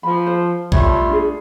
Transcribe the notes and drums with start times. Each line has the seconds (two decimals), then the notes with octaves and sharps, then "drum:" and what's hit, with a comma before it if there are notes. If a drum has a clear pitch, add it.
0.03 F3 B5
0.27 C5
0.72 G3 A3 F4 C#5 A5, drum: kick A#1
1.09 D4 G#4